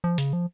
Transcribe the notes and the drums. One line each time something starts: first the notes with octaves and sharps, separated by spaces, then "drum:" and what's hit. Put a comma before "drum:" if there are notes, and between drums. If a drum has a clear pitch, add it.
F3
C#3, drum: hi-hat
F3